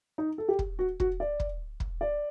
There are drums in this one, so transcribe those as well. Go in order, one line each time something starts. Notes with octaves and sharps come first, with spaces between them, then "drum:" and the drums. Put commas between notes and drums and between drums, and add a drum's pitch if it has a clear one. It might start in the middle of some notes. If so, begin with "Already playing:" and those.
D#4
A4
G4
drum: kick
F#4
F#4, drum: kick
D5
drum: kick
drum: kick
D5